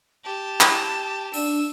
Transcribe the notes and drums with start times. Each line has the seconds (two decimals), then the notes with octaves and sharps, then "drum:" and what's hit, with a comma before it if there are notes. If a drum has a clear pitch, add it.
0.25 G4 A5
0.61 drum: clap
1.34 D4 E6, drum: open hi-hat